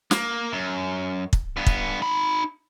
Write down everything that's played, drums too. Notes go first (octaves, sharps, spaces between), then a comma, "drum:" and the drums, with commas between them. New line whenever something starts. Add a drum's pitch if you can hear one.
A#3, drum: snare
F#2
drum: kick
G2 B3
drum: kick
D#4 B5